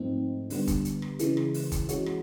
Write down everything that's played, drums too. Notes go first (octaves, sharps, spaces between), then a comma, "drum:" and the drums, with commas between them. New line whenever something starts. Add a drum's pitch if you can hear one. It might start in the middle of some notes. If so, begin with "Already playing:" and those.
Already playing: G#2 F3 A3 C4 D#4
D3 G3 B3, drum: open hi-hat
drum: kick, hi-hat
drum: hi-hat
drum: rim click
C#3 E3 G#3, drum: hi-hat
drum: rim click
drum: open hi-hat
drum: kick, hi-hat
E3 G#3 C#4 F#4, drum: hi-hat
drum: rim click